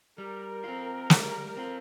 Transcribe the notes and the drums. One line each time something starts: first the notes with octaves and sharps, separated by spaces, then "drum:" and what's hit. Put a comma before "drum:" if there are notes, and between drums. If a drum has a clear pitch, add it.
G3 A#4
C4 F4
G3, drum: snare
C4 F4